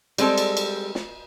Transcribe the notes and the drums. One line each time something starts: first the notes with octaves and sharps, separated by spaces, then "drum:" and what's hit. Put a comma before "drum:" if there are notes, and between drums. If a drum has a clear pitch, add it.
G3 G#3 C4 A4, drum: cymbal
drum: cymbal
drum: cymbal
drum: snare